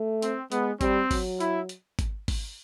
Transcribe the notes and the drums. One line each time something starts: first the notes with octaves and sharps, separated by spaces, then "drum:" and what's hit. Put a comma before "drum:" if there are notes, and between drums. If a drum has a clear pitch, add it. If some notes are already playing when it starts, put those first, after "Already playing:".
Already playing: A3
C4, drum: hi-hat
G#3 B3, drum: hi-hat
G3 C4, drum: kick G#1, hi-hat
F#3, drum: kick G#1, open hi-hat
E4, drum: hi-hat
drum: hi-hat
drum: kick G#1, hi-hat
drum: kick G#1, open hi-hat